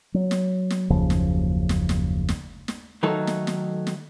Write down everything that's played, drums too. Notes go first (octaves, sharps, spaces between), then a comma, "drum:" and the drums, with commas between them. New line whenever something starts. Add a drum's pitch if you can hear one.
F#3
drum: snare
drum: snare
F#1 D#2 C#3 F3
drum: snare
drum: snare
drum: snare
drum: snare
drum: snare
D#3 F#3 A3 D#4 A4
drum: snare
drum: snare
drum: snare